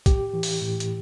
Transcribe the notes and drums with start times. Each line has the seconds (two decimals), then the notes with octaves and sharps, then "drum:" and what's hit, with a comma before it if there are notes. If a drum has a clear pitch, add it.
0.06 A2 G4, drum: kick, hi-hat
0.33 E3
0.43 drum: open hi-hat
0.61 A2
0.80 drum: hi-hat